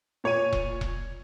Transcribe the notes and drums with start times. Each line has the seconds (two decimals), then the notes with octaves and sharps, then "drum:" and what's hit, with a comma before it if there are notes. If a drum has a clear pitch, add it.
0.24 A#2 C#5 C#6 D#7
0.53 drum: kick E1
0.81 drum: kick E1